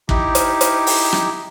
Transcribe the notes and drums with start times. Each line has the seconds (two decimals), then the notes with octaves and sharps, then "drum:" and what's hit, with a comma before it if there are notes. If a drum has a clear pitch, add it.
0.09 D#4 E4 G4, drum: kick
0.35 drum: hi-hat
0.61 drum: hi-hat
0.87 drum: open hi-hat
1.13 drum: rim click